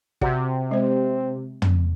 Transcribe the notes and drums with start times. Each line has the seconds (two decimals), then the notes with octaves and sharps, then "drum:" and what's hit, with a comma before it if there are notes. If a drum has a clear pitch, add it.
0.21 C3 F#4 D5 F#5, drum: kick
0.71 G#3 C4 C5
1.62 drum: tom